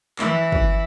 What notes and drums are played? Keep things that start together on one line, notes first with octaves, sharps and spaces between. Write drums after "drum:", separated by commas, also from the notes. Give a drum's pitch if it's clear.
E3 E4, drum: clap
drum: kick